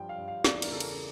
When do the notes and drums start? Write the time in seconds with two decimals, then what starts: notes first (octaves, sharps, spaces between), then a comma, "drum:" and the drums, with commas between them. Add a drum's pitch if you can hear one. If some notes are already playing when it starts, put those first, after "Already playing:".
Already playing: G2 F3 G5
0.09 F5
0.18 G2
0.28 F5
0.44 E2 D5, drum: snare
0.62 A#4, drum: cymbal
0.72 C#3 A4
0.80 A#4, drum: cymbal